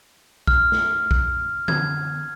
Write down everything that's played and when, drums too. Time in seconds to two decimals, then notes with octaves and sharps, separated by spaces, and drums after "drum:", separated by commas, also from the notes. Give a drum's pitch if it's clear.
0.47 F6, drum: kick
0.72 drum: snare
1.11 drum: kick
1.68 G#6, drum: tom D3